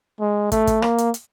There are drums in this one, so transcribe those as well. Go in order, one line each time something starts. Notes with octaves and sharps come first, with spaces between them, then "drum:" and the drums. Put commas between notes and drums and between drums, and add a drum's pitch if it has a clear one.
G#3
A3, drum: kick, hi-hat
drum: kick, hi-hat
A#3, drum: rim click
drum: hi-hat
drum: hi-hat